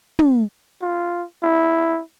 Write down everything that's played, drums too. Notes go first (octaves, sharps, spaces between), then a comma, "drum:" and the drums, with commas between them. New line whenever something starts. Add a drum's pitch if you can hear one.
drum: tom
F4
E4